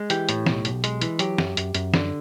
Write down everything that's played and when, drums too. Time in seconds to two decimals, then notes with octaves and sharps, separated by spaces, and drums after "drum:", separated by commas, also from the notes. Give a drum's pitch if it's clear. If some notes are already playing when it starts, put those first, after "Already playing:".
Already playing: G#3
0.10 E3 G4, drum: hi-hat
0.29 A2, drum: hi-hat
0.46 B1, drum: snare
0.65 B1, drum: hi-hat
0.84 G#3, drum: hi-hat
1.01 E3, drum: hi-hat
1.19 F#3 G4, drum: hi-hat
1.38 F#2, drum: snare
1.57 F#2, drum: hi-hat
1.75 F#2, drum: hi-hat
1.94 D3, drum: snare